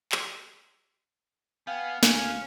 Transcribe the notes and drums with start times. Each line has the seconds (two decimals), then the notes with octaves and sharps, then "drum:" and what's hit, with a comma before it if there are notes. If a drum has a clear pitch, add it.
0.12 drum: clap
1.67 B3 F5 G5 G#5
2.03 D2 C#4 G#5, drum: snare